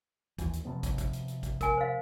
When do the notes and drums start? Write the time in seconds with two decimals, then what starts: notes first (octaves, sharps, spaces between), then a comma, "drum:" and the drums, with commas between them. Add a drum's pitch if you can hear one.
0.38 D#2 E3, drum: kick, hi-hat
0.53 drum: hi-hat
0.65 C3 F3 B3
0.83 drum: kick, hi-hat
0.98 drum: kick, hi-hat
1.13 drum: hi-hat
1.28 drum: hi-hat
1.43 drum: kick, hi-hat
1.61 A#4 G#5, drum: kick, hi-hat
1.78 C5 F5